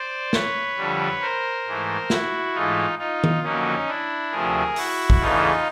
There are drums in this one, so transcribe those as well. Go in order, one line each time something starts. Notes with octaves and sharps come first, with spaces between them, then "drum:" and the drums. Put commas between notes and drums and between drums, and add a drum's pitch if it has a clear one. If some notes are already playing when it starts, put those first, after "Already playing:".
Already playing: C5 D5
B4 C#5, drum: snare
F2 D3 G3
A#4 C5
G#2 E3 A3
E4 F#4, drum: snare
G#2 E3 A3 D#4 F4
D#4 F4
drum: tom D#3
F2 D3 F#3 A#3 C#4 D#4
D4 E4
D2 C3 F3 A3 G#4 A#4
E4 F#4, drum: open hi-hat
drum: kick
E2 C#3 E3 A3 D#4 F4